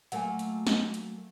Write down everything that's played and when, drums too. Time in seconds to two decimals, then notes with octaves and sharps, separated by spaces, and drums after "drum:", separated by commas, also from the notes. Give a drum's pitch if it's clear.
0.12 F#3 A3 A#3 F#5 G#5, drum: hi-hat
0.39 drum: hi-hat
0.67 drum: snare
0.94 drum: hi-hat